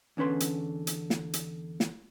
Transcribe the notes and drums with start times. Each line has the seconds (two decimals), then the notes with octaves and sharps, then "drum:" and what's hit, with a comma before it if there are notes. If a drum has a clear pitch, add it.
0.17 E2 D3 C#4 B4 C6
0.40 drum: hi-hat
0.87 drum: hi-hat
1.10 drum: snare
1.33 drum: hi-hat
1.80 drum: snare